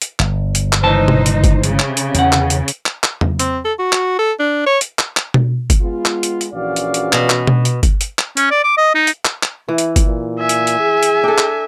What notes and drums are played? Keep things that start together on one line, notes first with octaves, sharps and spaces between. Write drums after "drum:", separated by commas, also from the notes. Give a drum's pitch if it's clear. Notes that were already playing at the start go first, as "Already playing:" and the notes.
drum: hi-hat
G1, drum: clap
drum: hi-hat
drum: clap
C#2 E3 D#4 C5 A5
drum: tom B2
drum: hi-hat
drum: kick G1, hi-hat
C#3, drum: hi-hat
drum: clap
drum: hi-hat
E2 D#3 F#5, drum: hi-hat
drum: clap
drum: hi-hat
drum: hi-hat
drum: clap
drum: clap
drum: tom
C4, drum: hi-hat
A4
F#4
drum: clap
A4
D4
C#5
drum: hi-hat
drum: clap
drum: clap
drum: tom B2
drum: kick G1, hi-hat
G#3 B3 F4
drum: clap
drum: hi-hat
drum: hi-hat
A#1 E3 C#4 F#4 D5 F5
drum: hi-hat
drum: hi-hat
B2, drum: clap
drum: clap
drum: tom B2
drum: hi-hat
drum: kick G1, hi-hat
drum: hi-hat
drum: clap
C#4, drum: hi-hat
D5
D6
D#5
D#4
drum: hi-hat
drum: clap
drum: clap
E3 E4
drum: hi-hat
drum: kick G1, hi-hat
A#2
E5 G#5
drum: hi-hat
drum: hi-hat
G#4
drum: hi-hat
D4 A4
drum: clap